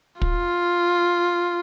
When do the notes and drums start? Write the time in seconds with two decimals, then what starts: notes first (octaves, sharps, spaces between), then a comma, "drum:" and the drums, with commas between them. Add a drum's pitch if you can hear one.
0.22 F4, drum: kick